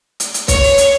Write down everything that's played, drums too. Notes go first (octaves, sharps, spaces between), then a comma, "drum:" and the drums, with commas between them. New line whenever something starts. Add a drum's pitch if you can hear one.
drum: hi-hat
drum: hi-hat
C#5, drum: kick, hi-hat
drum: open hi-hat
drum: hi-hat